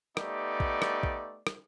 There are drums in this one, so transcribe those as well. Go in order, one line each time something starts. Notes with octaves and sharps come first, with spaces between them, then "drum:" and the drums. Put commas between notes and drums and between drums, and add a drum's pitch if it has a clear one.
A3 B3 D#4 G4 D5, drum: rim click
drum: kick
drum: rim click
drum: kick
drum: rim click